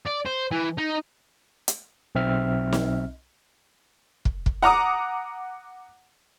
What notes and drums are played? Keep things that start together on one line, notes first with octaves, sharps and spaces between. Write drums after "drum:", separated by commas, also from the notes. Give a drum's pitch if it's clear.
D5
C5
E3
D#4
drum: hi-hat
B1 C4 E5 F6
drum: snare
drum: kick
drum: kick
F#5 A#5 D6 D#6